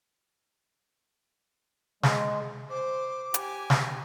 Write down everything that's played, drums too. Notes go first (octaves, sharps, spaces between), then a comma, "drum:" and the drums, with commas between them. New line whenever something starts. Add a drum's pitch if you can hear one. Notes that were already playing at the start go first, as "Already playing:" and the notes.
G#3, drum: snare
C5 D6
G4 G#5, drum: hi-hat
drum: snare